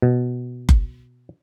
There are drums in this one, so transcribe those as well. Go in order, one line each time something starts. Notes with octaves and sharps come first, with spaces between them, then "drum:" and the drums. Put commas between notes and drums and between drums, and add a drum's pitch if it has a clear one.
B2
drum: kick F#1